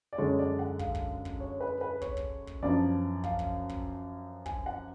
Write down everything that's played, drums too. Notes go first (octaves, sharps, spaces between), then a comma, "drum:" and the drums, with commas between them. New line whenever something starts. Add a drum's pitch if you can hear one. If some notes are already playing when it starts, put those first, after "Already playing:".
D5
F#2 D3 G#3 D4 C#5
D5
F#5
F5, drum: kick
drum: kick
drum: kick
C#5
B4
B4
C#5, drum: kick
drum: kick
drum: kick
F#2 F3 B3 D4 D5
F5, drum: kick
drum: kick
drum: kick
G#5, drum: kick
F#5